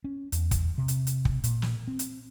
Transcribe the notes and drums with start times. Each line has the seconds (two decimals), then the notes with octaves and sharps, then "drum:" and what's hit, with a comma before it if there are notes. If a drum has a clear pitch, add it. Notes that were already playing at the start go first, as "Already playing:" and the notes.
0.04 C#4
0.32 E2, drum: hi-hat
0.51 drum: kick, hi-hat
0.78 C3
0.88 drum: hi-hat
1.07 drum: hi-hat
1.25 drum: kick
1.44 A#2, drum: hi-hat
1.62 drum: snare
1.88 C4
1.99 drum: hi-hat